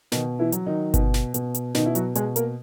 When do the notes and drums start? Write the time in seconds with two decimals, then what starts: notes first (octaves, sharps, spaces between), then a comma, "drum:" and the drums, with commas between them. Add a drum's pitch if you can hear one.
0.12 B2 D#3 D#4, drum: snare
0.39 E3 E4
0.52 F#3, drum: hi-hat
0.66 D#3 D#4
0.94 B2, drum: kick G1, hi-hat
1.14 drum: snare
1.34 B2, drum: hi-hat
1.55 drum: hi-hat
1.75 B2 D#3 D#4, drum: snare
1.86 E4
1.95 F#3 F#4, drum: hi-hat
2.15 B2 G#3 G#4, drum: hi-hat
2.36 A#3 A#4, drum: hi-hat